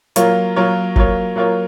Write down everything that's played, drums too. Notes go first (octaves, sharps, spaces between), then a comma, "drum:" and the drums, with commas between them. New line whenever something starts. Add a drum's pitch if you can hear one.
F#3 A#3 F4 A#4 C#5, drum: hi-hat
F#3 A#3 F4 A#4 C#5
F#3 A#3 F4 A#4 C#5, drum: kick G1
F#3 A#3 F4 A#4 C#5